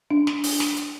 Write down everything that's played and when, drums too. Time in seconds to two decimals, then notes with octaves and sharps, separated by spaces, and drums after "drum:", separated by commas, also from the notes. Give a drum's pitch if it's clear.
0.11 D4
0.27 drum: snare
0.44 drum: open hi-hat
0.60 drum: snare
0.77 drum: hi-hat